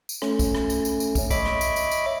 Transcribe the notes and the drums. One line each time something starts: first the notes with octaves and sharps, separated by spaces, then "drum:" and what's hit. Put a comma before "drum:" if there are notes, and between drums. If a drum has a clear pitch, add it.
drum: tambourine
A3 C#4, drum: rim click
drum: kick, tambourine
drum: rim click
drum: tambourine
drum: tambourine
drum: tambourine
drum: kick, tambourine
C#5 D#5 E5 B5 D6, drum: kick, tambourine
drum: rim click
drum: tambourine
drum: tambourine
drum: tambourine